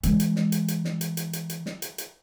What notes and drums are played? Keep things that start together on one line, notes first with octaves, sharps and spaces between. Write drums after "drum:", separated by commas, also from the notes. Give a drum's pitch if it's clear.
E3 G#3, drum: hi-hat
drum: hi-hat
drum: snare
drum: hi-hat
drum: hi-hat
drum: snare
drum: hi-hat
drum: hi-hat
drum: hi-hat
drum: hi-hat
drum: snare
drum: hi-hat
drum: hi-hat